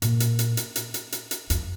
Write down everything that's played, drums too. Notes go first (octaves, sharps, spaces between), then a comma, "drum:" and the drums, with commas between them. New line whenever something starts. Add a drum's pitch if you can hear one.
A#2, drum: hi-hat
drum: hi-hat
drum: hi-hat
drum: hi-hat
drum: hi-hat
drum: hi-hat
drum: hi-hat
drum: hi-hat
F2, drum: hi-hat